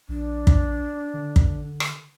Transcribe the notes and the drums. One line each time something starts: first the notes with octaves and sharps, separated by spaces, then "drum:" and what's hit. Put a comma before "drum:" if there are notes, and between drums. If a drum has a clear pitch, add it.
A#1 D4
drum: kick
D3
drum: kick
drum: rim click